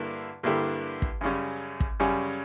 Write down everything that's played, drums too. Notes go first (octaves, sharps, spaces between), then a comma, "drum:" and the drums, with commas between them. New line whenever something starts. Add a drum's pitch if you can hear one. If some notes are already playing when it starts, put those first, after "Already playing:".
Already playing: G2 D3 A#3 E4
G2 D3 A#3 E4 G4
drum: kick
F#2 C#3 G3 C#4
drum: kick
F#2 C#3 G3 C#4